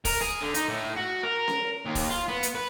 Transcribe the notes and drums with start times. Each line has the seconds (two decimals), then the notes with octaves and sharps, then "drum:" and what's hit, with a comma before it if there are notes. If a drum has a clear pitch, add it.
0.05 A#4, drum: kick, open hi-hat
0.21 G#4
0.41 D3
0.54 D#4, drum: hi-hat
0.68 A2
0.96 F#4
1.23 A#4
1.48 drum: snare C#4
1.86 D#2
1.95 drum: kick, open hi-hat
2.09 F4
2.28 B3
2.43 drum: hi-hat
2.55 B4